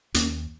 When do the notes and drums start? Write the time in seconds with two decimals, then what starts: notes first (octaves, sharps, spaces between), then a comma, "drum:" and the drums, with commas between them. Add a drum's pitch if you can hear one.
0.14 D#2 A#3 C#4, drum: hi-hat